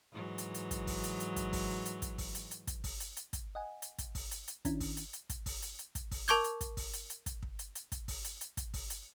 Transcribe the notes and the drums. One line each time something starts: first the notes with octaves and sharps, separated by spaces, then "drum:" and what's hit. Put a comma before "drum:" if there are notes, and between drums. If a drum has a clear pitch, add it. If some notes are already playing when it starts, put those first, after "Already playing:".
G#2 E3 F#3
drum: hi-hat
drum: hi-hat
drum: kick, hi-hat
drum: kick, open hi-hat
drum: hi-hat
drum: hi-hat
drum: kick, hi-hat
drum: kick, open hi-hat
drum: hi-hat
drum: kick, hi-hat
drum: kick, open hi-hat
drum: hi-hat
drum: hi-hat
drum: kick, hi-hat
drum: kick, open hi-hat
drum: hi-hat
drum: hi-hat
drum: kick, hi-hat
D#5 F#5 G#5
drum: hi-hat
drum: kick, hi-hat
drum: kick, open hi-hat
drum: hi-hat
drum: hi-hat
D#3 C#4 D4 E4, drum: kick, hi-hat
drum: kick, open hi-hat
drum: hi-hat
drum: hi-hat
drum: kick, hi-hat
drum: kick, open hi-hat
drum: hi-hat
drum: hi-hat
drum: kick, hi-hat
drum: kick, open hi-hat
A#4 A5 C#6 D6 G6 G#6, drum: hi-hat
drum: hi-hat
drum: kick, hi-hat
drum: kick, open hi-hat
drum: hi-hat
drum: hi-hat
drum: kick, hi-hat
drum: kick
drum: hi-hat
drum: hi-hat
drum: kick, hi-hat
drum: kick, open hi-hat
drum: hi-hat
drum: hi-hat
drum: kick, hi-hat
drum: kick, open hi-hat
drum: hi-hat